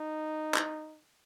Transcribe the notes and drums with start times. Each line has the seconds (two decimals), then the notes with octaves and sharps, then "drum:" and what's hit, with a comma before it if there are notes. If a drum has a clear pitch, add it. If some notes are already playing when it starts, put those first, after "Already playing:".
Already playing: D#4
0.54 drum: clap